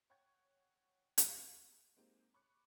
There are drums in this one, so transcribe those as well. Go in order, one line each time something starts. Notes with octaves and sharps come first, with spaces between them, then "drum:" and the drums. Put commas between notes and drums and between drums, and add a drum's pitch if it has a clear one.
C#5 F#5 G5 C#6 G#6
drum: hi-hat
G#3 A#3 C4 D#4 G4
B5 C#6 D6 F#6 C#7